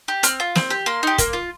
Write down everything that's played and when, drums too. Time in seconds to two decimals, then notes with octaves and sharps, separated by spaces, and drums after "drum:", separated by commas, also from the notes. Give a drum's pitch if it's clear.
0.08 G4
0.23 C4 F6, drum: hi-hat
0.40 F4
0.56 C4, drum: snare
0.70 G4
0.86 A#3 C6
1.03 D#4 G4
1.18 A#3, drum: kick, hi-hat
1.33 F4